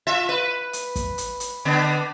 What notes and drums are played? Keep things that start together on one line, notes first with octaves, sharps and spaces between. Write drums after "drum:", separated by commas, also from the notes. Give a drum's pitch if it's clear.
F4 E5
B4
drum: hi-hat
drum: kick, hi-hat
drum: hi-hat
drum: hi-hat
D3 B3 D4